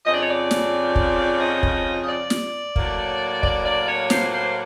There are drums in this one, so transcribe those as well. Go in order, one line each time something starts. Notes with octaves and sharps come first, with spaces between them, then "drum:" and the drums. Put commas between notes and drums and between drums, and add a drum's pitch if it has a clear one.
F2 C#3 F3 D#5
D5
C#5
D5
drum: snare
drum: kick
D#5
drum: kick
D#5
D5
drum: snare
A2 F#3 A#3, drum: kick
D5, drum: kick
D5
C#5
C5, drum: snare
C5